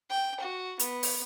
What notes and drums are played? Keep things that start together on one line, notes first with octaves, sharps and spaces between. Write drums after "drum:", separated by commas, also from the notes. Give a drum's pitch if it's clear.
G5
F#4
B3, drum: hi-hat
drum: open hi-hat